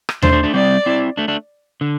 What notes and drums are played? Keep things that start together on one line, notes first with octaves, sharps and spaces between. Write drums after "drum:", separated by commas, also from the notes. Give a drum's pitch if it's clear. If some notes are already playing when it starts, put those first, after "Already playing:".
drum: rim click
A3 D4 C5, drum: tom D#2
A3 D4
A3 D4
G3 C4 D5
C4 E4
A3 D4
A3 D4
D3